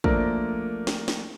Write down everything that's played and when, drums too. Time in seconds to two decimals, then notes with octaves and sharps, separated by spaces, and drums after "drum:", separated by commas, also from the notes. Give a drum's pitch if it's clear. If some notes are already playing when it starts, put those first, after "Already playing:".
0.04 F3 A3 A#3 D4 A#4, drum: kick
0.87 drum: snare
1.08 drum: snare